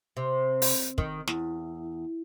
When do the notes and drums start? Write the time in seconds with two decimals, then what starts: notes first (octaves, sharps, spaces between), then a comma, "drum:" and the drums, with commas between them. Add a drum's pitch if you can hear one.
0.17 C3
0.62 drum: open hi-hat
0.98 D#3, drum: kick
1.27 E2, drum: snare